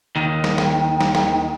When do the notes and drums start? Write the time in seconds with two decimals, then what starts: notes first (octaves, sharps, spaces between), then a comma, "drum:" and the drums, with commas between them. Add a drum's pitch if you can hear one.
0.16 D#2 D#3
0.44 drum: snare
0.58 drum: snare
1.01 drum: snare
1.15 drum: snare